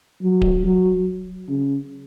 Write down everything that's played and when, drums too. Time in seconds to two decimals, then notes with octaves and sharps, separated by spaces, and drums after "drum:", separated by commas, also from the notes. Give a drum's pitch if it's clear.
0.22 F#3
0.42 drum: kick D1
0.64 F#3
1.48 C#3